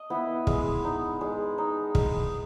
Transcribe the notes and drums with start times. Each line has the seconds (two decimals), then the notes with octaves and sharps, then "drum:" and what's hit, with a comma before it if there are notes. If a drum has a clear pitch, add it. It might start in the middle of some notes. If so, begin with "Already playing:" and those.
Already playing: D#5
0.10 B3 E4
0.47 G#3, drum: kick
0.84 D#4
1.21 G#3
1.58 D#4
1.95 G#3, drum: kick